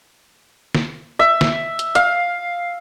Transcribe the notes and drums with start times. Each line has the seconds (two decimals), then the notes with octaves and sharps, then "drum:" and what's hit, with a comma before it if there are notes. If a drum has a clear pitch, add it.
0.75 drum: snare
1.19 E5
1.41 drum: snare
1.79 drum: hi-hat
1.95 F5, drum: hi-hat